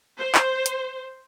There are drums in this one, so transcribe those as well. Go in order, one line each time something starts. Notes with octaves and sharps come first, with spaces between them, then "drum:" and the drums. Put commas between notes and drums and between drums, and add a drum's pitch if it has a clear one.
C5
drum: clap
drum: hi-hat